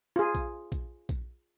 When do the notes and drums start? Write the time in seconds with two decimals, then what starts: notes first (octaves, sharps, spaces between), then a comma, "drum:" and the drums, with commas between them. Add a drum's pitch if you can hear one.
0.16 F4 G#4
0.35 drum: kick A#1, tambourine
0.72 drum: kick A#1, tambourine
1.09 drum: kick A#1, tambourine